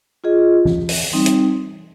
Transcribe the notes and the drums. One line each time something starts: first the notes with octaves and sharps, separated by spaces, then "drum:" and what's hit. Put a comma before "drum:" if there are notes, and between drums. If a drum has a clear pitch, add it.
F4 G#4 D#5
drum: tom E3
drum: open hi-hat
G3 C4 D#4
drum: hi-hat